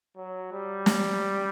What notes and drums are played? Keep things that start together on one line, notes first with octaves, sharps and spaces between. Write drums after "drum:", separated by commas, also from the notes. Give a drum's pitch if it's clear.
F#3
G3
drum: snare